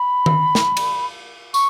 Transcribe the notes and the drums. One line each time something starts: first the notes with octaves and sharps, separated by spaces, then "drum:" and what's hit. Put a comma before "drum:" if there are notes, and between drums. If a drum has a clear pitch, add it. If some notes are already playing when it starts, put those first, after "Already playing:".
Already playing: B5
drum: tom D#3
drum: snare
drum: cymbal
C#6, drum: tambourine